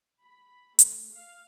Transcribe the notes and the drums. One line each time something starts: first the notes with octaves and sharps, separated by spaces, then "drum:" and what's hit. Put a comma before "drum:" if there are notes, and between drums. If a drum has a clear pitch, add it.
B5
A3, drum: hi-hat
F5